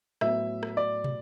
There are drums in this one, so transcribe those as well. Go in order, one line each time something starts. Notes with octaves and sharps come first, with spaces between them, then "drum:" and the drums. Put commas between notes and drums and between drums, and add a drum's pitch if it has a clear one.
A2 F#3 B3 E5, drum: rim click
drum: rim click
D5
drum: tom